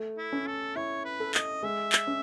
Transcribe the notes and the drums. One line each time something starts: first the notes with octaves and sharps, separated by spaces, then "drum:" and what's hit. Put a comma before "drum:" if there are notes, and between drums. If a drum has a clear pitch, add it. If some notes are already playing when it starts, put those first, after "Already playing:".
Already playing: A3
E4
C#4
A4
E4 C#5
B4
A4
D#5, drum: clap
G#3 E5
drum: clap
C#4